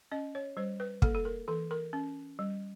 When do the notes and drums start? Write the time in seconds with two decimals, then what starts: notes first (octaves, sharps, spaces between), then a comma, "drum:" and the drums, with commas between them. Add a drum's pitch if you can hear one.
0.12 C#4 D#5
0.35 C#5
0.57 G3 C5
0.80 B4
1.02 A#3 A4, drum: kick
1.15 A4
1.25 A#4
1.48 E3 A4
1.71 A#4
1.93 C#4
2.39 G3